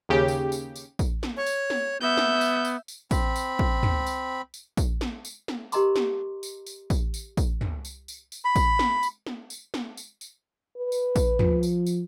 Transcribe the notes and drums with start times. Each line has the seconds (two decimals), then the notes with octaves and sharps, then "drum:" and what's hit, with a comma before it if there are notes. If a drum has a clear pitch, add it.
0.09 D#2 C#3 G4
0.28 drum: tambourine
0.52 drum: tambourine
0.76 drum: tambourine
0.99 drum: kick, tambourine
1.23 drum: snare
1.37 C#5
1.46 drum: tambourine
1.70 drum: snare
2.01 B3 E5 G6
2.17 drum: snare
2.41 drum: tambourine
2.65 drum: tambourine
2.88 drum: tambourine
3.11 C4 B5, drum: kick, tambourine
3.36 drum: tambourine
3.59 drum: kick
3.83 drum: tom
4.06 drum: tambourine
4.54 drum: tambourine
4.77 drum: kick, tambourine
5.01 drum: snare
5.25 drum: tambourine
5.48 drum: snare
5.72 G4 A#4 D#5 A#5 C6 D6, drum: tambourine
5.96 drum: snare
6.43 drum: tambourine
6.66 drum: tambourine
6.90 drum: kick, tambourine
7.14 drum: tambourine
7.37 drum: kick, tambourine
7.61 drum: tom
7.85 drum: tambourine
8.08 drum: tambourine
8.32 drum: tambourine
8.45 B5
8.56 drum: kick, tambourine
8.79 drum: snare
9.03 drum: tambourine
9.27 drum: snare
9.50 drum: tambourine
9.74 drum: snare
9.97 drum: tambourine
10.21 drum: tambourine
10.77 B4
10.92 drum: tambourine
11.16 drum: kick, tambourine
11.39 F3, drum: tom
11.63 drum: tambourine
11.87 drum: tambourine